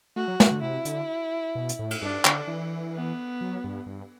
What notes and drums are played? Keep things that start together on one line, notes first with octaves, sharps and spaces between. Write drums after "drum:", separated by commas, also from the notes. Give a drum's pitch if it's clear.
A3 F#4
F#3
F#3, drum: snare
D3
C3 E4
D3, drum: hi-hat
B2
drum: hi-hat
A2
drum: cymbal
G2 D4
D3, drum: clap
E3
B3
F#3
G2
G2